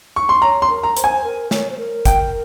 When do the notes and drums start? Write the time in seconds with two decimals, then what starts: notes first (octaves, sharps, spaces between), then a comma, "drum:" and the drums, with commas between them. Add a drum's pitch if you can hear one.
0.16 C#6
0.29 C6
0.42 C#5 A#5
0.62 C6
0.70 A#4
0.83 A#5
0.97 C5, drum: hi-hat
1.04 G#5
1.24 A#4
1.51 C#5, drum: snare
1.70 C5
1.78 A#4
2.05 G5, drum: kick, hi-hat